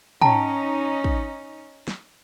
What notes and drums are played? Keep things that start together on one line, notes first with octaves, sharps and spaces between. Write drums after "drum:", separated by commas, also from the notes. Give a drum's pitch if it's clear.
C#4 D#4 G5 A5 A#5, drum: tom
drum: kick
drum: snare